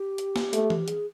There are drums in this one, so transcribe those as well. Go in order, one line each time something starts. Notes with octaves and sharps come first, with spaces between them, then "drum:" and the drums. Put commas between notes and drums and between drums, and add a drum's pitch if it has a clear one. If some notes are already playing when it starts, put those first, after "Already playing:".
Already playing: G4
drum: hi-hat
drum: snare
A3, drum: hi-hat
drum: tom E3
G#4, drum: hi-hat